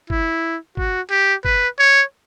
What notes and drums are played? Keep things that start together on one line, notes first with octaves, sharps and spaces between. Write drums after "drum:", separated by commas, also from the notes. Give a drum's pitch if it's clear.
E4, drum: kick
F#4, drum: kick
G4
B4, drum: kick
C#5